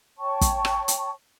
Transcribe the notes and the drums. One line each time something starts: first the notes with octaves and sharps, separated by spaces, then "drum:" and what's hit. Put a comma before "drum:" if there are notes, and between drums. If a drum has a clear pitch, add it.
C#5 G5 A5 C#6
drum: kick, hi-hat
drum: rim click
drum: hi-hat